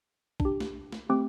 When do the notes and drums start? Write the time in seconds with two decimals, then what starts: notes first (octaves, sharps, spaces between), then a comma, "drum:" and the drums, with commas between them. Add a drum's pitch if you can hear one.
0.40 D4, drum: kick
0.45 G4
0.60 drum: snare
0.92 drum: snare
1.09 A3 C4 G4 D6